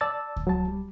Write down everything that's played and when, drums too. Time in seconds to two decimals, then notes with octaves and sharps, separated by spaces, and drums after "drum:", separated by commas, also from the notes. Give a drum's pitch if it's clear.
0.01 D5 A5 E6 A6
0.36 drum: kick C#2
0.47 F#3 A5
0.68 G3